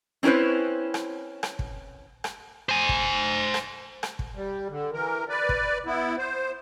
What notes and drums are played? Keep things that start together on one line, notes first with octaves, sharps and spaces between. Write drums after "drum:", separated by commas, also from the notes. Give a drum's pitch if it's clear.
C4 C#4 E4 B4 C5
drum: rim click
drum: rim click
drum: kick
drum: rim click
C5 G#5
drum: kick
drum: rim click
drum: rim click
drum: kick
G3
D3
E3 A#4
B4 D5
drum: kick
B3 E4
C5